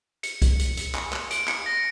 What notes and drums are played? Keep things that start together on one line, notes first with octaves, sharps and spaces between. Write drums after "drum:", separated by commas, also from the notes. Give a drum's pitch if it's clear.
C#7, drum: hi-hat
drum: kick B1, hi-hat
drum: hi-hat
drum: hi-hat
drum: clap
drum: clap
D7, drum: hi-hat
C#7, drum: clap
A#6